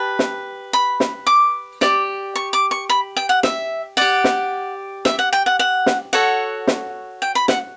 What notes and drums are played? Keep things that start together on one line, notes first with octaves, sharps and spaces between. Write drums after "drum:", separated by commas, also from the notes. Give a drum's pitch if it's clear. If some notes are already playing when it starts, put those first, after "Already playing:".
Already playing: G4 B4 A5
drum: snare
B5
drum: snare
D6
G4 D5, drum: snare
C#6
D6
C#6
B5
G5
F#5
E5, drum: snare
G4 D5 F#5
drum: snare
E5, drum: snare
F#5
G5
F#5
F#5
drum: snare
F#4 A4 C#5 F#5
drum: snare
G5
B5
F#5, drum: snare